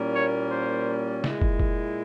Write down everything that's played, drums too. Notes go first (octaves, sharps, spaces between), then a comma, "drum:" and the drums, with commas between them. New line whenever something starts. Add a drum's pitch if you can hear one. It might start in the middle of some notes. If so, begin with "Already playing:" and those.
Already playing: A#2 G3 A#3 C#4 E4
C#5
C5
A#2 G#3 E4, drum: snare
drum: kick
drum: kick